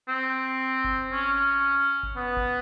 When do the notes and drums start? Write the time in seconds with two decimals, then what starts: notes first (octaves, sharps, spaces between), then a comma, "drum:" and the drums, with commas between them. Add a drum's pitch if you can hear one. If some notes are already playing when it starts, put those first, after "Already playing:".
0.08 C4
0.84 drum: kick G1
1.12 C#4
2.03 drum: kick G1
2.16 B3
2.37 drum: kick G1